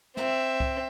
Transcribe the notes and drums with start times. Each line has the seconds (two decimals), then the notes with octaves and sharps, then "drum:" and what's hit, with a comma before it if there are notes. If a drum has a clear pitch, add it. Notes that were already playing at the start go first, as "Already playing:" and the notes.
0.17 C4 E5, drum: snare
0.60 drum: kick C2